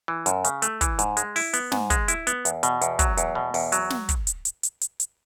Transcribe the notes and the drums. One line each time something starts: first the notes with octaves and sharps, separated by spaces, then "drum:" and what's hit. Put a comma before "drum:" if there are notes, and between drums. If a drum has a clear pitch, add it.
E3
F#2, drum: hi-hat
C#3, drum: hi-hat
A3, drum: hi-hat
E3, drum: kick, hi-hat
G#2, drum: hi-hat
G#3, drum: hi-hat
E4, drum: open hi-hat
B3, drum: hi-hat
G#2, drum: snare
G#3, drum: kick, hi-hat
E4, drum: hi-hat
B3, drum: hi-hat
E2, drum: hi-hat
B2, drum: hi-hat
E2, drum: hi-hat
F#3, drum: kick, hi-hat
E2, drum: hi-hat
B2
E2, drum: open hi-hat
F#3, drum: hi-hat
drum: snare
drum: kick, hi-hat
drum: hi-hat
drum: hi-hat
drum: hi-hat
drum: hi-hat
drum: hi-hat